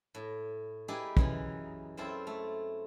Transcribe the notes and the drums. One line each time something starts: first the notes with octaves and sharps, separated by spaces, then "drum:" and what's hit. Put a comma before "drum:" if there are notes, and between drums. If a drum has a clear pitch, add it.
A2
D#4 E4 G4 G#4 B4 D5
F#2 E3 D#4, drum: kick
F#2 C4 E4 F4 A4 C5
A3